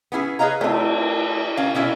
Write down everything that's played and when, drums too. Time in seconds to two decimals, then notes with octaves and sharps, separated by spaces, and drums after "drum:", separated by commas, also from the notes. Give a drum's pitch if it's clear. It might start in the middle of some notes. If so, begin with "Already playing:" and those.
0.12 B3 C#4 E4 G#4
0.39 G#4 B4 C#5 D#5 F5 A#5
0.61 A3 C4, drum: cymbal
1.57 C#4 F5
1.75 B2 C#4 E4 F4